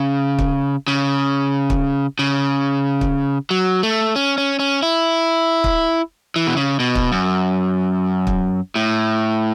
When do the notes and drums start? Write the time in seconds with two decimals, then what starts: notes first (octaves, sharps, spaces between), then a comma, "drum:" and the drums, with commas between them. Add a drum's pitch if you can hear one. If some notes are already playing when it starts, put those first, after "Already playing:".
Already playing: C#3
0.39 drum: kick
0.88 C#3
1.70 drum: kick
2.19 C#3
3.01 drum: kick
3.51 F#3
3.83 A3
4.16 C#4
4.38 C#4
4.59 C#4
4.83 E4
5.64 drum: kick
6.36 E3
6.47 B2
6.57 C#3
6.80 B2
6.95 drum: kick
7.12 F#2
8.27 drum: kick
8.75 A2